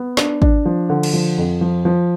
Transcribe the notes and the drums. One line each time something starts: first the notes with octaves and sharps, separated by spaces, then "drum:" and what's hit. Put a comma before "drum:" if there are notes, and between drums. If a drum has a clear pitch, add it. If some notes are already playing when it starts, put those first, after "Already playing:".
Already playing: B3
D4, drum: snare
D4, drum: kick
F3
D3
drum: cymbal
F3
F2
F3
F3